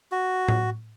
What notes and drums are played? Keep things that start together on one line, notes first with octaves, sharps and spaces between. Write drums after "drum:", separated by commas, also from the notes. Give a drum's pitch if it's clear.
F#4
drum: tom A2